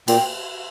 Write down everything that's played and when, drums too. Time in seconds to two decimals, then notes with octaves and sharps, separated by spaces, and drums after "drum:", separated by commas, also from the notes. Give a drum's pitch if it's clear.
0.08 A#2 G5, drum: cymbal